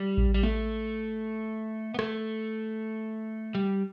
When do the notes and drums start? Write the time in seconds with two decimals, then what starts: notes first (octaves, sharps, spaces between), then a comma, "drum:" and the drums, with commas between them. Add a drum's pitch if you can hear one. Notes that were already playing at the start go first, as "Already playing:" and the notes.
Already playing: G3
0.17 drum: kick A1
0.34 G3
0.43 A3, drum: tom G#3
1.94 B3
1.99 A3, drum: rim click
3.55 G3